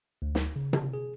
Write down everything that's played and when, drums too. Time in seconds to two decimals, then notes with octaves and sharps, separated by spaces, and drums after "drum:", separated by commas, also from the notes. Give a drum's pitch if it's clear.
0.22 D2
0.35 drum: snare
0.56 C#3
0.73 drum: tom C3
0.93 G#4